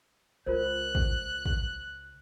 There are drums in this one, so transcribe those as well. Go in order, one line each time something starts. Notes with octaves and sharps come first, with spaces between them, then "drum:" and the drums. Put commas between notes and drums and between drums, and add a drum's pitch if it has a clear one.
C#2 F4 A#4 C5 F#6
drum: kick
drum: kick